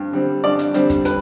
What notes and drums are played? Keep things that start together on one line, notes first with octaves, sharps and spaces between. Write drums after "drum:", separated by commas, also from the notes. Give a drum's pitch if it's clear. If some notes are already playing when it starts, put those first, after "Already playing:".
Already playing: G2 G3 C4
D3 G3 C4
G2 D5
drum: hi-hat
D3 G3 C4, drum: hi-hat
drum: kick, hi-hat
B4, drum: hi-hat